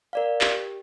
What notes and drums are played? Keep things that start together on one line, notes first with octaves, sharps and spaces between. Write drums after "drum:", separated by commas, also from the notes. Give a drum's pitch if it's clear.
A#4 D5 F5
G4, drum: clap